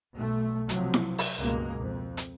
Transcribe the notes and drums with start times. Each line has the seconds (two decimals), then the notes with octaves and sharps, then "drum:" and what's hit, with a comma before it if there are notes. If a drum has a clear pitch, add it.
0.14 B1 A3
0.69 C3 F3 F#3, drum: hi-hat
0.94 drum: snare E4
1.18 drum: open hi-hat
1.38 C#2 G2 B2 G#3 A#3
1.78 F2
2.17 drum: hi-hat